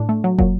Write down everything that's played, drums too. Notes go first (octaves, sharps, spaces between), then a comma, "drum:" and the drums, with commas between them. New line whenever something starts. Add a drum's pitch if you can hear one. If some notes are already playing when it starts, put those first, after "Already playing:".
Already playing: A2 D4
A3
F#3
A#2 F#3, drum: kick